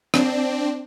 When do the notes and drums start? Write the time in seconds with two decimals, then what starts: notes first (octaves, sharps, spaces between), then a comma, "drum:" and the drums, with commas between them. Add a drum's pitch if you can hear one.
0.14 C4 D4, drum: rim click